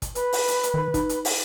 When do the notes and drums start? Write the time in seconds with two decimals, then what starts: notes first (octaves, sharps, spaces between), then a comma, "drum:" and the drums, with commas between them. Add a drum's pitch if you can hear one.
0.02 drum: kick, hi-hat
0.15 B4, drum: hi-hat
0.33 drum: open hi-hat
0.48 drum: hi-hat
0.63 drum: hi-hat
0.74 D#3
0.94 D#4, drum: kick, hi-hat
1.09 drum: hi-hat
1.25 drum: open hi-hat